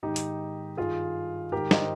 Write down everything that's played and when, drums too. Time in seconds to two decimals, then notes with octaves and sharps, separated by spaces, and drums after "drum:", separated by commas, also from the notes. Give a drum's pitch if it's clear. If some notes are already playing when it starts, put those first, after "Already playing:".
0.03 G#2 D#3 D#4 G4
0.16 drum: hi-hat
0.77 G2 D#3 F4 G#4
1.52 G#2 D#3 G4 A#4
1.71 C5 D#5, drum: snare